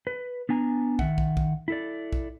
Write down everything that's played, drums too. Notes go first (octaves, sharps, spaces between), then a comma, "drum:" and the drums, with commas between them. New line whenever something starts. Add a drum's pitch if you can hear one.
B4
B3 D4 G#5 A#5
D#3 G3 E5 F#5, drum: kick
drum: kick
drum: kick
E4 A4 D5
drum: kick